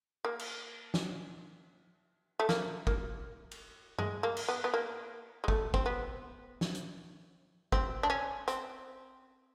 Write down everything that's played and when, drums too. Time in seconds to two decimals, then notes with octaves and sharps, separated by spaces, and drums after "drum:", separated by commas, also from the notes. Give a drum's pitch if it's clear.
0.25 A#3
0.39 drum: cymbal
0.94 drum: snare
2.40 A3
2.49 A#3, drum: snare
2.87 A#3, drum: kick
3.51 drum: cymbal
3.98 G#3, drum: tom G2
4.23 A#3
4.37 drum: cymbal
4.48 B3
4.64 B3
4.74 A#3
5.44 G#3
5.48 A3, drum: kick
5.74 C4, drum: kick
5.86 B3
6.61 drum: snare
6.75 drum: hi-hat
7.72 C4, drum: kick
8.03 D4
8.10 C#4
8.48 C4, drum: hi-hat